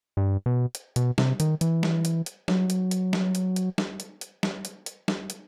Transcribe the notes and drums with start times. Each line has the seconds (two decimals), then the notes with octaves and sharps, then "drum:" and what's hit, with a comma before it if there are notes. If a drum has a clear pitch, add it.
0.17 G2
0.46 B2
0.75 drum: hi-hat
0.96 B2, drum: hi-hat
1.18 C3, drum: snare
1.40 D#3, drum: hi-hat
1.61 E3, drum: hi-hat
1.83 drum: snare
2.05 drum: hi-hat
2.26 drum: hi-hat
2.48 F#3, drum: snare
2.70 drum: hi-hat
2.91 drum: hi-hat
3.13 drum: snare
3.35 drum: hi-hat
3.56 drum: hi-hat
3.78 drum: snare
4.00 drum: hi-hat
4.21 drum: hi-hat
4.43 drum: snare
4.65 drum: hi-hat
4.86 drum: hi-hat
5.08 drum: snare
5.30 drum: hi-hat